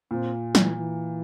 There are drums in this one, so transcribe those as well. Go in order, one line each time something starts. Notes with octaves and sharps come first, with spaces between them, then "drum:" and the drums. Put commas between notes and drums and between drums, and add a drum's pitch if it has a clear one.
A#2 C4
E3, drum: snare
E3